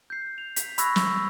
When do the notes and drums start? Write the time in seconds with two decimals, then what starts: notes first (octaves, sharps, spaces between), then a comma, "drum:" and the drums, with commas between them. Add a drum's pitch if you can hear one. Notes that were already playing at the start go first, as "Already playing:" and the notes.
0.10 G6 C7
0.38 F7
0.56 B6, drum: hi-hat
0.78 B5 C#6 E6 F#6 G#6 A#6, drum: hi-hat
0.96 drum: snare